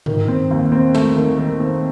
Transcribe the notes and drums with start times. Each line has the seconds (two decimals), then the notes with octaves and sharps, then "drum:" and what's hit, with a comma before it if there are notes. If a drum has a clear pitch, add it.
0.06 D#3, drum: tom
0.28 C4
0.51 D#2
0.72 C4
0.95 A3, drum: snare
1.16 D#3
1.38 D#3
1.60 C4